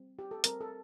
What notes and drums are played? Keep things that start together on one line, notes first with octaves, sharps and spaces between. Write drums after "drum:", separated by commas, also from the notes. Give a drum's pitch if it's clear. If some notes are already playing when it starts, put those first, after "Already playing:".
Already playing: G3 C4
G4
A4
G3 C4 G4 A#4, drum: hi-hat
A4